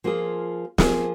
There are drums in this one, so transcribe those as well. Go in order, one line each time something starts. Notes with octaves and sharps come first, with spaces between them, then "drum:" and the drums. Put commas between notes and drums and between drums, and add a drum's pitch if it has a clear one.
F3 A#3 F4 G#4
F3 A#3 F4 G#4, drum: snare